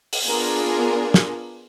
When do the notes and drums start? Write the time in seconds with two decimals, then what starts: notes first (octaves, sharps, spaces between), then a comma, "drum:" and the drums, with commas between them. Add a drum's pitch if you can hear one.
0.13 drum: open hi-hat
0.24 B3 D4 F4 G#4 A#4
1.14 drum: snare